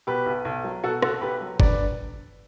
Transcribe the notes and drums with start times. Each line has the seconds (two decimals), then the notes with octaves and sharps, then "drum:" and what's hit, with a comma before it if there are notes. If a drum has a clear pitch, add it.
0.07 B2 G4 B4
0.26 B1
0.45 B1
0.64 F#3
0.84 B2 F#4 A4
1.02 B1 F#4 A4, drum: rim click
1.21 B1 G4 B4
1.41 F#3
1.60 D3 B4 D5, drum: kick